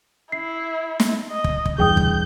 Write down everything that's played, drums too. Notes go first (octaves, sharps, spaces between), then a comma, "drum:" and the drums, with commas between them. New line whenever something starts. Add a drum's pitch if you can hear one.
E4 C7
drum: snare
D#5
drum: kick
drum: kick
B1 E2 G2 G#4 G5 D#6 G6
drum: kick